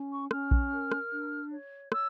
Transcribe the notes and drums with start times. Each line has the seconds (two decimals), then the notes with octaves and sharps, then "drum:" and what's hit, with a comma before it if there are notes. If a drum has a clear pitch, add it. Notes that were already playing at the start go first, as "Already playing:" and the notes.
Already playing: C#4
0.11 C#6
0.31 C#4 F6, drum: rim click
0.51 drum: kick A#1
0.71 A#4
0.92 drum: rim click
1.12 D4
1.51 C#5
1.92 C#5 E6, drum: rim click